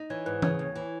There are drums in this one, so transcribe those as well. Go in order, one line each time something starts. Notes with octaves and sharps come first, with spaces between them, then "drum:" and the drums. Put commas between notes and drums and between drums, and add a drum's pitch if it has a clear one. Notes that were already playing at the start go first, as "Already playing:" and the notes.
Already playing: D#4
E3 C#5
G#2 B4
C#3 C#5, drum: tom E3
D#2
E3